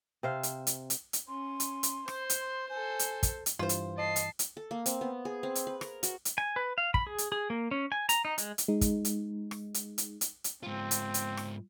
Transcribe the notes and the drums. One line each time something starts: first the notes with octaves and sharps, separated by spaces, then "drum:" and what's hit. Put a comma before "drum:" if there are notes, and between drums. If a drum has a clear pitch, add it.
C3 C5 F5
drum: hi-hat
drum: hi-hat
drum: hi-hat
drum: hi-hat
C#4 C6
drum: hi-hat
drum: hi-hat
C5, drum: rim click
drum: hi-hat
C6
A4 C5 G#5
drum: hi-hat
drum: kick, hi-hat
drum: hi-hat
G2 E3 F4 C5
drum: hi-hat
D#5 A5 C7
drum: hi-hat
drum: hi-hat
A4
A#3
C4, drum: hi-hat
B3
G#4
C4
drum: hi-hat
B4
A#4, drum: rim click
F#4, drum: hi-hat
drum: hi-hat
G#5
B4
F5
B5, drum: kick
G#4
drum: hi-hat
G#4
A#3
C#4
G#5
A#5, drum: hi-hat
D#4
G#3, drum: hi-hat
drum: hi-hat
G#3 D#4
drum: kick, hi-hat
drum: hi-hat
drum: rim click
drum: hi-hat
drum: hi-hat
drum: hi-hat
drum: hi-hat
G#2 C4 F4
drum: hi-hat
drum: hi-hat
drum: rim click